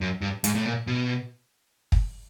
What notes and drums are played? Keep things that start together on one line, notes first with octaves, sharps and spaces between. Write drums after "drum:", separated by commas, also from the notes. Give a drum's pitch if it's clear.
F#2
G2
G#2, drum: hi-hat
A2
A#2
B2
drum: kick